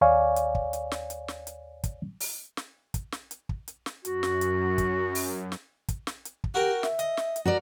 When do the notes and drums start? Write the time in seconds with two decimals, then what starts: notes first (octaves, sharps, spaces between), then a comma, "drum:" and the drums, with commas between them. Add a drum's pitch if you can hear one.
0.01 D#2 C#5 D5 F5 G#5 C#6
0.36 drum: hi-hat
0.55 drum: kick
0.73 drum: hi-hat
0.91 drum: snare
1.10 drum: hi-hat
1.28 drum: snare
1.47 drum: hi-hat
1.84 drum: kick, hi-hat
2.20 drum: open hi-hat
2.57 drum: snare
2.94 drum: kick, hi-hat
3.12 drum: snare
3.31 drum: hi-hat
3.49 drum: kick
3.68 drum: hi-hat
3.86 drum: snare
4.05 F#2 F#4, drum: hi-hat
4.23 drum: snare
4.41 drum: hi-hat
4.78 drum: kick, hi-hat
5.15 drum: open hi-hat
5.52 drum: snare
5.88 drum: kick, hi-hat
6.07 drum: snare
6.25 drum: hi-hat
6.44 drum: kick
6.54 F#4 G4 A#4 G5
6.83 E5, drum: snare
6.99 D#5, drum: hi-hat
7.17 drum: snare
7.36 drum: hi-hat
7.45 F#4 A#4 D5